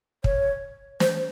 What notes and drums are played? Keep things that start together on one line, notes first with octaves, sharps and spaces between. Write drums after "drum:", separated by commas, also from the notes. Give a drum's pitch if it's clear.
C#5, drum: kick
C5, drum: snare